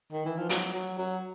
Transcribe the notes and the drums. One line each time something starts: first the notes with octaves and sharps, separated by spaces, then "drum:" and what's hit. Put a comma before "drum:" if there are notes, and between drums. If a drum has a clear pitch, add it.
D#3
E3
F3
F#3, drum: hi-hat
F#3
F#3